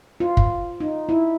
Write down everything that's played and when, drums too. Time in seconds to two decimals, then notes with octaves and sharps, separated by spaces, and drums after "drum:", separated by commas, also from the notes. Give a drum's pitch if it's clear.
0.20 F4
0.37 drum: kick
0.80 D#4
1.09 E4